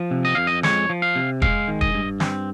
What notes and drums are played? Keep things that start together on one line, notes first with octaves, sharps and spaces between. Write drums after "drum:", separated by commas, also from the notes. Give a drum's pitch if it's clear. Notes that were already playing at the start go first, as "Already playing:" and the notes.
Already playing: F3
C3
D#5
F2 F5
D#5
G#3 C#5, drum: snare
F3
F5
C3
G#3 F5, drum: kick
D#3
D#5, drum: kick
G2
C4, drum: snare